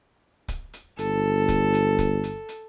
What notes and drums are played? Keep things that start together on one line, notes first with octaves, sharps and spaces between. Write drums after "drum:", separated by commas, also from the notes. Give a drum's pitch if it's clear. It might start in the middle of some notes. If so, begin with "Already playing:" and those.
drum: kick C#1, hi-hat
drum: hi-hat
G1 A4, drum: hi-hat
drum: kick C#1, hi-hat
drum: hi-hat
drum: kick C#1, hi-hat
drum: hi-hat
drum: hi-hat